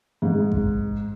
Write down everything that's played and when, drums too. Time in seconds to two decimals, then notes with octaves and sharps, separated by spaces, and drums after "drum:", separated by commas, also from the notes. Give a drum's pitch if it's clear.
0.22 G#2
0.52 drum: kick A1